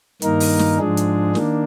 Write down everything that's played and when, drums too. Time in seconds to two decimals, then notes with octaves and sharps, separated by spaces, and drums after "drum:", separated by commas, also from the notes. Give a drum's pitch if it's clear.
0.22 G2 D#3 A#3 D#4 A#4, drum: hi-hat
0.40 drum: open hi-hat
0.59 drum: snare
0.79 G#2 F3 G#3 D4 G#4
0.97 drum: hi-hat
1.35 D#3 A#3 D4, drum: snare